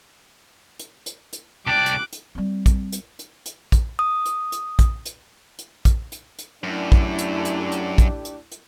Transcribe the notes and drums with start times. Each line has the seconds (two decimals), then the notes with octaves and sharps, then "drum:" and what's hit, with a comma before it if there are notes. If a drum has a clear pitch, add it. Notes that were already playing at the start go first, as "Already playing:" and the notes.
0.79 drum: hi-hat
1.06 drum: hi-hat
1.33 drum: hi-hat
1.67 C2 D5 G5 A5 D6 F#6
1.86 drum: hi-hat
2.13 drum: hi-hat
2.35 G3 C4
2.66 drum: kick, hi-hat
2.92 drum: hi-hat
3.19 drum: hi-hat
3.46 drum: hi-hat
3.72 drum: kick, hi-hat
3.99 D#6
4.26 drum: hi-hat
4.52 drum: hi-hat
4.79 drum: kick, hi-hat
5.05 drum: hi-hat
5.59 drum: hi-hat
5.85 drum: kick, hi-hat
6.12 drum: hi-hat
6.39 drum: hi-hat
6.64 F#2 A3 D4 E4 G4
6.92 drum: kick
7.18 drum: hi-hat
7.45 drum: hi-hat
7.72 drum: hi-hat
7.98 drum: kick, hi-hat
8.25 drum: hi-hat
8.52 drum: hi-hat